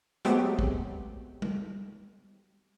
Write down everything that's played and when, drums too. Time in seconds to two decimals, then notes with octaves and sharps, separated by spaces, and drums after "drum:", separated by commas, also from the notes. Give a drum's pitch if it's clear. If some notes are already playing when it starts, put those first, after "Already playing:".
0.25 F#3 G#3 A3 B3 C4 G4, drum: hi-hat
0.59 drum: kick
1.42 drum: tom G3